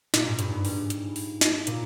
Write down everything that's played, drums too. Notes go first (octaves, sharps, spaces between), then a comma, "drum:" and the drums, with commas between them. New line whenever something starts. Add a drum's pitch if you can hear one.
A#2, drum: snare
G#2
G2, drum: hi-hat
G2
G#2, drum: open hi-hat
drum: hi-hat
drum: open hi-hat
drum: snare
A#2, drum: hi-hat